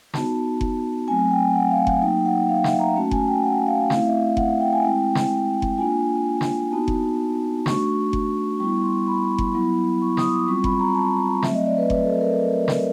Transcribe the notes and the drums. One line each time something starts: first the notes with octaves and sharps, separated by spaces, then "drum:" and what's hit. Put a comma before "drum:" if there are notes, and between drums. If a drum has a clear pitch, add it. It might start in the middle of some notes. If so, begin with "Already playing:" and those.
B3 D#4 F#4 A5, drum: snare
drum: kick F#1
F#3 A3 C4 G#5
G5
F#5
F5
F#5, drum: kick F#1
F#3 A#3 D#4 G5
F#5
F5
E5, drum: snare
A#5
A3 C#4 F#4 A5
G#5, drum: kick F#1
G5
F#5
F5
A3 C4 E4 F5, drum: snare
E5
F#5, drum: kick F#1
G5
G#5
G#3 C4 E4 G5
drum: snare
drum: kick F#1
A#3 D4 F4 G#5
drum: snare
B3 D#4 F#4 A5
drum: kick F#1
A3 D4 F#4 C#6, drum: snare
drum: kick F#1
G3 B3 E4 C#6
C6
B5
drum: kick F#1
F#3 B3 E4
C#6
D#6, drum: snare
D6
G3 C4 F4 C#6
B5, drum: kick F#1
A#5
A5
F#3 A3 C4 E5, drum: snare
D#5
D5
B4
B4, drum: kick F#1
A4
A#4
drum: snare